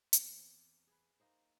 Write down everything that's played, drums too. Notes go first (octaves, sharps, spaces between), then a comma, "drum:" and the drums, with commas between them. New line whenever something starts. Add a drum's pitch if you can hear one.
E2 C4 G#4 C5, drum: hi-hat
G#4 B4
A#3 D#4 C5